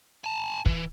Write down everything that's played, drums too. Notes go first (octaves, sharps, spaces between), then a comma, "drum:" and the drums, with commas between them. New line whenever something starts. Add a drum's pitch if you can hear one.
G#5 A5
E3, drum: kick